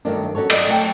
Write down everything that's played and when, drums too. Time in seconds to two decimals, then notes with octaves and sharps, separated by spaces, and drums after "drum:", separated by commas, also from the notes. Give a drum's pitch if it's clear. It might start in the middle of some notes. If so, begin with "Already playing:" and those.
0.05 G2 D#3 F#3 A3 A#3 D4
0.35 F#3 C#4 F#4 A4 C#5
0.50 D5 D#5, drum: cymbal
0.67 F#3 A3 G5